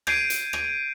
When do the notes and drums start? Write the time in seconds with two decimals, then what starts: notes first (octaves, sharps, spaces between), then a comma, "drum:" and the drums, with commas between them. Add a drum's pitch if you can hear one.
0.07 G6 G#6 C7 D7 D#7, drum: rim click
0.30 drum: hi-hat
0.53 drum: rim click